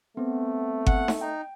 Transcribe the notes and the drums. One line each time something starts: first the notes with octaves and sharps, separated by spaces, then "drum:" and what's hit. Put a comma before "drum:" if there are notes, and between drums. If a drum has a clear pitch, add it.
A3 B3 C4
F#5, drum: kick G1
drum: snare D#4
D#4 G5